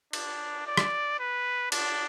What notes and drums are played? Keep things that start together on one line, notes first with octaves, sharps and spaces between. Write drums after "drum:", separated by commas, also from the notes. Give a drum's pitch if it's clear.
D4, drum: cymbal
D5
drum: rim click
B4
D4, drum: cymbal